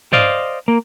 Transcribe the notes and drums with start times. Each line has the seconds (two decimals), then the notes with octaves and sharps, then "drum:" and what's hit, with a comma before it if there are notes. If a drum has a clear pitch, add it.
0.13 C5 D5 D#5 F5, drum: tom
0.68 A#3